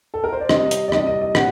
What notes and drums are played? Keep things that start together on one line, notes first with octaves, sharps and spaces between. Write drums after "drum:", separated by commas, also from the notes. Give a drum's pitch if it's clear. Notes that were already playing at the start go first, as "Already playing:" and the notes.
A4
A#4
C5
D5
C3 G3 D#5, drum: rim click
drum: hi-hat
D5
C3 G3 D#5, drum: rim click
D#5
D#5
A#2 G3 F#5, drum: rim click